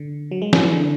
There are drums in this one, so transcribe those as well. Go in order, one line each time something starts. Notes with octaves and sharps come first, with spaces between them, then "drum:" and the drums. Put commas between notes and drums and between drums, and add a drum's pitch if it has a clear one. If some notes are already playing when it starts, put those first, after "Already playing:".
Already playing: D3
F#3
G#3
F#3, drum: snare
E3
D3